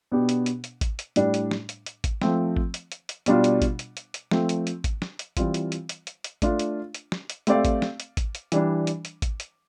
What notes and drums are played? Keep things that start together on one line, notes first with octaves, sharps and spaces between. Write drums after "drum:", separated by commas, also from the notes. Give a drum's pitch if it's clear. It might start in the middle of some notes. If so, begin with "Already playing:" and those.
B2 B3 D4 G4
drum: hi-hat
drum: hi-hat
drum: hi-hat
drum: kick G#1, hi-hat
drum: hi-hat
A2 G3 D4 G4, drum: hi-hat
drum: hi-hat
drum: snare
drum: hi-hat
drum: hi-hat
drum: kick G#1, hi-hat
F3 A3 C4, drum: snare
drum: kick G#1
drum: hi-hat
drum: hi-hat
drum: hi-hat
B2 G3 D4 F4, drum: hi-hat
drum: hi-hat
drum: kick G#1, hi-hat
drum: hi-hat
drum: hi-hat
drum: hi-hat
F3 A3 C4, drum: snare
drum: hi-hat
drum: hi-hat
drum: kick G#1, hi-hat
drum: snare
drum: hi-hat
E3 G3 C4 F4, drum: kick G#1, hi-hat
drum: hi-hat
drum: hi-hat
drum: hi-hat
drum: hi-hat
drum: hi-hat
A3 D4 F4, drum: kick G#1, hi-hat
drum: hi-hat
drum: hi-hat
drum: snare
drum: hi-hat
A3 C4 G4 D5 F5, drum: hi-hat
drum: kick G#1, hi-hat
drum: snare
drum: hi-hat
drum: kick G#1, hi-hat
drum: hi-hat
E3 G3 D4, drum: hi-hat
drum: hi-hat
drum: hi-hat
drum: kick G#1, hi-hat
drum: hi-hat